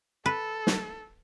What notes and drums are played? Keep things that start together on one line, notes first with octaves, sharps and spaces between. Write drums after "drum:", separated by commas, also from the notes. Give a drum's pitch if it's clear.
A4 B4
drum: snare